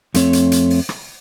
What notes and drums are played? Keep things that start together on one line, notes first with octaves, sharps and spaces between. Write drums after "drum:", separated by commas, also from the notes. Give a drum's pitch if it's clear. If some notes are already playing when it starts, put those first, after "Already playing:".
F2 A3 C4 C#5, drum: hi-hat
drum: hi-hat
drum: hi-hat
drum: open hi-hat
drum: rim click